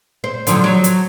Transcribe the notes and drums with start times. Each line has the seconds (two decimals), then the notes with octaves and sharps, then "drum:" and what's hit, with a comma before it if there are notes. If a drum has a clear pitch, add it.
0.24 C5
0.47 D3 F3 F#3, drum: hi-hat
0.64 F#3
0.84 drum: hi-hat